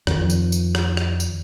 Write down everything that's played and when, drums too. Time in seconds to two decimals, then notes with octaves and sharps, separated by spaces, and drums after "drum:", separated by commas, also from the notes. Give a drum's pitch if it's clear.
0.07 F2 D#3 F3, drum: rim click
0.30 drum: tambourine
0.52 drum: tambourine
0.75 drum: rim click
0.97 drum: rim click
1.20 drum: tambourine